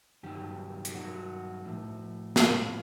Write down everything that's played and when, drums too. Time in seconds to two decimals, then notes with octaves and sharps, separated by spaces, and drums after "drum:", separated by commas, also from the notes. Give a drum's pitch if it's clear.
0.23 G2 D#3 F#3 G4
0.85 drum: hi-hat
0.94 G2 D#3 F#3 F#4
1.65 A2 F3
2.36 A2 F3 F4, drum: snare